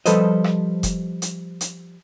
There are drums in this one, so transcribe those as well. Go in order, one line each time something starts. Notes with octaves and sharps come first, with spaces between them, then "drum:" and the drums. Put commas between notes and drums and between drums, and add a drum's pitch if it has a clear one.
F3 G3 A4 B4 C5 D#5, drum: hi-hat
drum: rim click
drum: kick F1, hi-hat
drum: hi-hat
drum: hi-hat